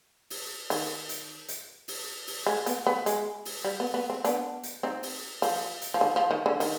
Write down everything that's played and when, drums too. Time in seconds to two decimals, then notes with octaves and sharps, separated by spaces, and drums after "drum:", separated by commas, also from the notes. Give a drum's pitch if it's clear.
0.30 drum: open hi-hat
0.70 D#3, drum: open hi-hat
1.09 drum: hi-hat
1.48 drum: hi-hat
1.88 drum: open hi-hat
2.27 drum: open hi-hat
2.47 G#3
2.66 B3, drum: hi-hat
2.87 B3
3.06 G#3, drum: hi-hat
3.45 drum: open hi-hat
3.65 G3
3.80 B3
3.94 B3
4.10 C4
4.25 B3 D4, drum: hi-hat
4.63 drum: hi-hat
4.83 C4 D#4
5.03 drum: open hi-hat
5.42 F3, drum: open hi-hat
5.82 drum: hi-hat
5.94 F3
6.01 D#3
6.16 F3
6.31 D#3
6.46 D3
6.60 D#3, drum: open hi-hat